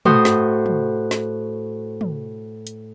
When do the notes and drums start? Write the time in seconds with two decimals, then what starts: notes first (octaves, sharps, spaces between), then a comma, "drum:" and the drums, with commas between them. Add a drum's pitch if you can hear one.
0.05 A2 F#4 C5 D#6, drum: tom
0.25 drum: snare
0.66 drum: tom
1.11 drum: snare
2.01 drum: tom
2.67 drum: hi-hat